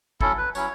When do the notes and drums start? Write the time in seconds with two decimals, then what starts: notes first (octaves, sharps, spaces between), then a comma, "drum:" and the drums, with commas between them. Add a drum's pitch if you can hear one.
0.21 F#3 C#4 E4 A4, drum: kick
0.38 B4
0.55 F#3 C#4 E4 C#5, drum: tambourine